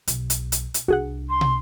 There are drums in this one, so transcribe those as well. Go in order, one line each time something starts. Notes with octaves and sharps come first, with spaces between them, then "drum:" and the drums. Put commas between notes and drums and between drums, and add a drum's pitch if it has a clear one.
B1, drum: hi-hat
drum: hi-hat
drum: hi-hat
drum: hi-hat
C2 D4 F#4 G#4 F#5
C6
drum: tom